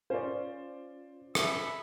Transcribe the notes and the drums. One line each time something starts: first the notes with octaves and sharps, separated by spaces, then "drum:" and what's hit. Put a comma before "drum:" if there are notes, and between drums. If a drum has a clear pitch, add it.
C#4 F4 C5 D5
E5 B5, drum: rim click